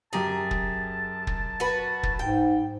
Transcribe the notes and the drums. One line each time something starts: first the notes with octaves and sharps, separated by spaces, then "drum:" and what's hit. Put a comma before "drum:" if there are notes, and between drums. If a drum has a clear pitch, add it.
F#2 G4 G#4 A5 A#5
drum: kick
drum: kick
F#4 B4
drum: kick
G#2 G5